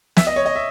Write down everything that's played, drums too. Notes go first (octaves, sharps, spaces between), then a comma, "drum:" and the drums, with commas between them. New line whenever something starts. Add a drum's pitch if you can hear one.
E5, drum: snare
D#5
C#5
D#5
E5